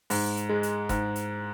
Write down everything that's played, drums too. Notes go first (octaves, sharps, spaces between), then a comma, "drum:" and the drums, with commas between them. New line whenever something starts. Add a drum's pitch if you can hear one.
G#2, drum: open hi-hat
drum: hi-hat
G#3
drum: hi-hat
G#2, drum: kick, hi-hat
drum: hi-hat